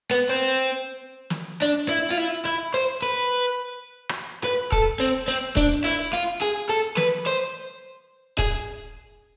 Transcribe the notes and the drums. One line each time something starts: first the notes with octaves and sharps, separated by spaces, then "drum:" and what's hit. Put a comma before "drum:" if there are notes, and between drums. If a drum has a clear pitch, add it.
B3
C4
drum: snare
D4
E4
F4
E4
E4
C5, drum: hi-hat
B4
drum: rim click
B4
A4, drum: kick
C4
C4
D4, drum: kick
E4, drum: open hi-hat
F4
G#4
A4
B4, drum: snare
C5
G#4, drum: kick